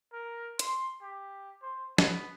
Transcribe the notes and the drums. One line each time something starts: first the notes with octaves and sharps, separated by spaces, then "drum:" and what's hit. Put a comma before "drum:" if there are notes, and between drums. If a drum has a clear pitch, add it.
A#4
C6, drum: hi-hat
G4
C5
B3, drum: snare